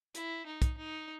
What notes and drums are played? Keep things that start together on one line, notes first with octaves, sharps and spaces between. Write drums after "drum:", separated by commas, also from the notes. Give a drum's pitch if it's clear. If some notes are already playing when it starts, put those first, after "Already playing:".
E4, drum: hi-hat
D#4
drum: kick, hi-hat
D#4